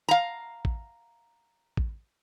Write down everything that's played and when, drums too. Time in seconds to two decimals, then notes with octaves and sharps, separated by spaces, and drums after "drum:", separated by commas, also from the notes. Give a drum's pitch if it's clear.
0.09 F5 A#5
0.65 drum: kick A1
1.77 drum: kick A1